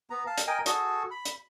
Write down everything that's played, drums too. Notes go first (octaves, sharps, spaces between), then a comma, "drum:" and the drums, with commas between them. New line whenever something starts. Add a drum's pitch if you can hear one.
B3 A#5
F5 A5
drum: hi-hat
A#4 D#5 G5 G#5
F#4 G#4 A4, drum: hi-hat
B5
drum: hi-hat